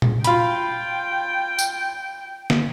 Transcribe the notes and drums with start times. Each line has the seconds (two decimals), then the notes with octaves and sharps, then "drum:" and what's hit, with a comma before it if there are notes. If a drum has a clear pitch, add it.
0.02 drum: tom A#2
0.24 F4 G5 B5, drum: hi-hat
1.59 drum: tambourine
2.50 drum: snare